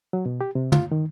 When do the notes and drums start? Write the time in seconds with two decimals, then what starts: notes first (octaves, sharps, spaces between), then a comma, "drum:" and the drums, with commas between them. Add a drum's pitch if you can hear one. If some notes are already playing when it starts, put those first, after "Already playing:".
0.13 F#3
0.26 B2
0.41 G4
0.55 C3
0.72 F4, drum: tom
0.92 D#3